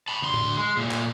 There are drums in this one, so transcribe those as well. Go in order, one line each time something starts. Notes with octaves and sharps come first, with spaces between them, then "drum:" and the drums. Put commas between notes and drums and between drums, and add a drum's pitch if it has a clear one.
A5 B5
D2 C6
drum: tom A2
G#3
A#2 A3
drum: clap